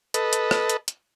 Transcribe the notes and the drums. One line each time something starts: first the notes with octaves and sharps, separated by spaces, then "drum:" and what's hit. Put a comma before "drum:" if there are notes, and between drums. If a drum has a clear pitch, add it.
A4 B4 D#5, drum: hi-hat
drum: hi-hat
drum: rim click
drum: hi-hat
drum: hi-hat